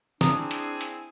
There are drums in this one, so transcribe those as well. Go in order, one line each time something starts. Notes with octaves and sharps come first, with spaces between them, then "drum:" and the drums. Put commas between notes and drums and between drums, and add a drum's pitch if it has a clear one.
C4 D4 E4 G#4 A#5 D#6, drum: snare
drum: hi-hat
drum: hi-hat